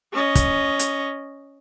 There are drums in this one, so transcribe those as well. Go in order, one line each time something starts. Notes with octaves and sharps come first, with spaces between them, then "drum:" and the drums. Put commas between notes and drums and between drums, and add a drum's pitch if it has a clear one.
C#4 D#5
drum: kick, hi-hat
drum: hi-hat